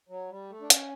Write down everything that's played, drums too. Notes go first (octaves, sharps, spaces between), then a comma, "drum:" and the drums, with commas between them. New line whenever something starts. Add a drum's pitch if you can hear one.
F#3
G3
A3
D4
C#4, drum: hi-hat